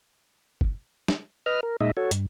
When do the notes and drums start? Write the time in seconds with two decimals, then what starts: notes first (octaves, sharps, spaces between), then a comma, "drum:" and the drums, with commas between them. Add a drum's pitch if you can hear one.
0.61 drum: kick
1.08 drum: snare
1.46 B4 D#5 F6
1.63 A#4
1.81 A#2 G#3 D#4 D#5 E5
1.97 F#4 A4 C#5
2.11 G2, drum: hi-hat